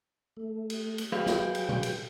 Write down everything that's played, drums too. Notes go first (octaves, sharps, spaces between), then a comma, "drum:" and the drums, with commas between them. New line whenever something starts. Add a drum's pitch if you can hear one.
A3
drum: cymbal
drum: cymbal
F#3 G#4 B4 F5 G5
drum: snare
drum: cymbal
drum: tom A#2
drum: cymbal